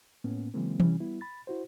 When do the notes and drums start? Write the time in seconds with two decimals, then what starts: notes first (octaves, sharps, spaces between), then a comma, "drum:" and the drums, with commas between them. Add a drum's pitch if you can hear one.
0.24 A2 A#3 B3 C#4
0.54 C#3 E3 F#3 G#3 A#3 C4
0.80 C3 E3 G3 C#4, drum: tom E3
1.00 G3 B3 E4
1.21 B5 A6
1.47 E4 F#4 C5